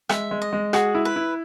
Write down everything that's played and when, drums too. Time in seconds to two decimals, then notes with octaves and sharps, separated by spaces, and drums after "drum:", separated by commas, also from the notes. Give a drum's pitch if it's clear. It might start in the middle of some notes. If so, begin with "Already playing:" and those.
0.09 G#3 E5, drum: rim click
0.31 G#3
0.42 D#5
0.53 G#3
0.73 F#4 G#4, drum: rim click
0.95 E4
1.05 B4
1.16 E4